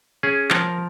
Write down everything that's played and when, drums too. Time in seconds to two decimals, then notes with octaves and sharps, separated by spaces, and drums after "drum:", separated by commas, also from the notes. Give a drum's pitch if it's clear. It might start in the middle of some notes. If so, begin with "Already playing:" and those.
0.23 C#4 G#4
0.50 F3 A#4, drum: clap